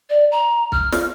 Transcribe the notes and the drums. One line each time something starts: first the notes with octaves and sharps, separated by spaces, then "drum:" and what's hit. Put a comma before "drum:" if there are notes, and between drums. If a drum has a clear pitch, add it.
D5
A#5
F6, drum: kick B1
drum: snare